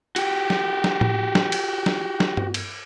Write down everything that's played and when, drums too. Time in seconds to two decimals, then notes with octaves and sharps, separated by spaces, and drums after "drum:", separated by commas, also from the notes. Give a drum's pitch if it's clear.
0.16 F#4 G4, drum: cymbal
0.50 drum: snare
0.84 drum: snare
1.01 drum: tom A2
1.35 drum: snare
1.52 drum: cymbal
1.86 drum: snare
2.20 drum: snare
2.37 drum: tom G2
2.54 drum: cymbal